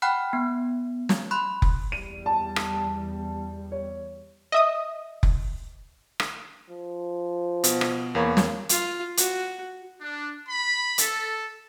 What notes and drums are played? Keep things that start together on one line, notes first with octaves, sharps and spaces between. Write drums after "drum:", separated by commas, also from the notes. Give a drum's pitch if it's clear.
F#5 G5 B5 F6 F#6
B3
drum: snare
B5 C6 F#6
drum: kick F1
E2 G3 D#7
A5
drum: rim click
C#5
D#5 E5 D#6
drum: kick F1
drum: rim click
F3
B2, drum: hi-hat
drum: rim click
E2 A#3 C#5 B5
drum: snare
F4, drum: hi-hat
F#4, drum: hi-hat
D4
B5
A4, drum: hi-hat